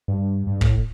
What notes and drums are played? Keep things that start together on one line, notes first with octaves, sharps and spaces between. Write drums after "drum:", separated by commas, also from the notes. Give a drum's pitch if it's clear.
G2
G2
A2, drum: kick